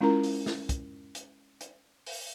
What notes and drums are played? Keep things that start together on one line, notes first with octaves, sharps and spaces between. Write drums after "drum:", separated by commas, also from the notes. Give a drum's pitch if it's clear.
G#3 C#4 E4 F4 A#4 A#5
drum: open hi-hat
drum: snare
drum: kick, hi-hat
drum: hi-hat
drum: hi-hat
drum: open hi-hat